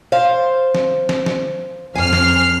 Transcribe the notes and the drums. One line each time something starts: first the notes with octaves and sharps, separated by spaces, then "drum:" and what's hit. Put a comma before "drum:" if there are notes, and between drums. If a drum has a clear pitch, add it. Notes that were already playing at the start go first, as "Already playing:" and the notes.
C5 F5
drum: snare
drum: snare
drum: snare
F2 G#5 F6 C7
drum: snare